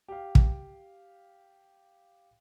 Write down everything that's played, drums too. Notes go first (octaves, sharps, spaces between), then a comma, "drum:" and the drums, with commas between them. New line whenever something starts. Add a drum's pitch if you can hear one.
G4 F5
drum: kick